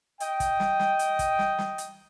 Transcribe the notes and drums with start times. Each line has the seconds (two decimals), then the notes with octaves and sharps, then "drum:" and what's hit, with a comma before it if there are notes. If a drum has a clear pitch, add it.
0.20 D#5 G5, drum: hi-hat
0.40 drum: kick, hi-hat
0.60 drum: snare
0.80 drum: snare
0.99 drum: hi-hat
1.19 drum: kick, hi-hat
1.39 drum: snare
1.58 drum: snare
1.78 drum: hi-hat